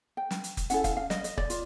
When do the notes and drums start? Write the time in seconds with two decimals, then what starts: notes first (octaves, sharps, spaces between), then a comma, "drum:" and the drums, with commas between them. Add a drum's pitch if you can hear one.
0.17 G5
0.31 drum: snare
0.44 drum: hi-hat
0.57 drum: kick, hi-hat
0.70 C#4 E4 A4 F#5, drum: hi-hat
0.84 F5, drum: kick, hi-hat
0.97 F5
1.10 D#5, drum: snare
1.24 D#5, drum: hi-hat
1.37 D5, drum: kick
1.50 F4, drum: hi-hat